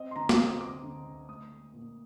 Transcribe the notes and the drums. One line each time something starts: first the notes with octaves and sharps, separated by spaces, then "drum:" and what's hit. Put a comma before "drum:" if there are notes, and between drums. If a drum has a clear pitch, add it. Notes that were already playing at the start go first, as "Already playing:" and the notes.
Already playing: C4 D#5
C6
D3 A#5
D6, drum: snare
C4 D#6
D2 D6
D3
D2
A3 D#6
A3
A#2